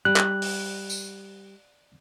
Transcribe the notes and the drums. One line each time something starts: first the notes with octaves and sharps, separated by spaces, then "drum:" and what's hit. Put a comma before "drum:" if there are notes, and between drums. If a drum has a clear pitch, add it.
G3 F#6
drum: clap
drum: open hi-hat
drum: tambourine